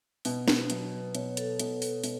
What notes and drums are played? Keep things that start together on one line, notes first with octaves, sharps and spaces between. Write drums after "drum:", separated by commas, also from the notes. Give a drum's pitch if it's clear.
B2 B4, drum: open hi-hat
drum: snare
F#3 B4, drum: hi-hat
B2 C#5, drum: hi-hat
A4, drum: hi-hat
B2 A4, drum: hi-hat
A4, drum: open hi-hat
B2, drum: open hi-hat